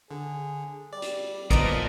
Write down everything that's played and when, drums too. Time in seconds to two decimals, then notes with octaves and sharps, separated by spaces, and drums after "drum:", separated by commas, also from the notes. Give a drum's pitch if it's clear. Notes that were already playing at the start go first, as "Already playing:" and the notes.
0.11 D3 G#4
0.93 G3 D5
1.02 drum: hi-hat
1.51 A#2 F3 B3 A#4 D5 D#5 A#5 D#6, drum: kick A1